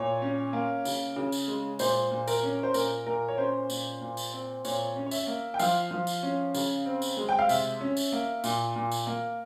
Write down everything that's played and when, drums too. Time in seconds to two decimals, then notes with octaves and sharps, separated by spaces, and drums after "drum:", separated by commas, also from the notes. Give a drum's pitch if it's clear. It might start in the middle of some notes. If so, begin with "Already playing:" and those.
Already playing: A#2 C#5
0.22 C#4
0.53 A#3
0.85 C#3, drum: tambourine
1.16 C#3
1.32 drum: tambourine
1.48 G#3
1.79 A#2 C5, drum: tambourine
2.11 A#2
2.27 A#4, drum: tambourine
2.43 C#4
2.63 C5
2.74 A#2 A#4, drum: tambourine
3.07 A#2 A#4
3.28 C#5
3.38 C#4 C5
3.70 A#2, drum: tambourine
4.01 A#2
4.17 drum: tambourine
4.33 C4
4.65 A#2 C#5, drum: tambourine
4.96 C#4
5.06 C#5
5.11 E5, drum: tambourine
5.27 A#3
5.54 G5
5.59 F3 F5, drum: tambourine
5.91 F3
6.07 drum: tambourine
6.23 C#4
6.55 C#3, drum: tambourine
6.86 C4
7.02 drum: tambourine
7.17 G#3
7.29 G5
7.39 F5
7.49 C3 E5, drum: tambourine
7.81 C#4
7.97 drum: tambourine
8.12 A#3
8.44 A#2, drum: tambourine
8.76 A#2
8.92 drum: tambourine
9.07 A#3